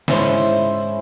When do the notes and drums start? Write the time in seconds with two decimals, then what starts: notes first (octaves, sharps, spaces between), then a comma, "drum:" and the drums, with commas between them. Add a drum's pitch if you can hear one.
0.08 G#2 C#4 E4 C5, drum: snare